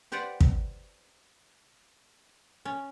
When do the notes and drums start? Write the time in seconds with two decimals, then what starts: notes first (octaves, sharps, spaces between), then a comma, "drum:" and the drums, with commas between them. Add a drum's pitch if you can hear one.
0.12 G4 B4 C5 D5 F#5
0.40 drum: kick
2.65 C#4